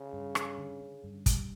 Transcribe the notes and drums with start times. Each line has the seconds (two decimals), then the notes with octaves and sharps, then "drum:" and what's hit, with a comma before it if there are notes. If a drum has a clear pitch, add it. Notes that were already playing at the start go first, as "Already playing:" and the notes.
Already playing: C#3 C#4
0.13 G2
0.35 G3, drum: rim click
0.58 D3
0.80 C#4
1.04 G2
1.26 G3, drum: kick, hi-hat